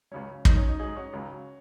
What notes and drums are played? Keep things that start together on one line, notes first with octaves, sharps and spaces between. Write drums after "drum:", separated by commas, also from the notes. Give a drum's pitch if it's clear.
C#2 C#3 F#3 C#4
G#2 D#3 F#3 D#4, drum: kick
C#4
D#4
G#2 F#3 D#4 G#4
C#4 F#4
C#2 C#3 F#3